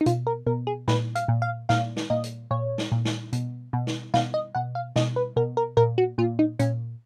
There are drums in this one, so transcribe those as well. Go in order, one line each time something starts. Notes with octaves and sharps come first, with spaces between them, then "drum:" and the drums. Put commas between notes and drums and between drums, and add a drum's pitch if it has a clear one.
D#4
B2 F4, drum: hi-hat
A#4
B2 A#4
G#4
A#2 B4, drum: snare
F5, drum: hi-hat
A#2
F5
A#2 F5, drum: snare
drum: snare
A#2 D#5
drum: hi-hat
A#2 C#5
drum: snare
A#2
drum: snare
B2, drum: hi-hat
B2
drum: snare
B2 F5, drum: snare
D#5
B2 F#5
F5
B2 D#5, drum: snare
B4
B2 A#4
A#4
A#2 A#4
F#4
A#2 F4
D#4
A#2 C#4, drum: hi-hat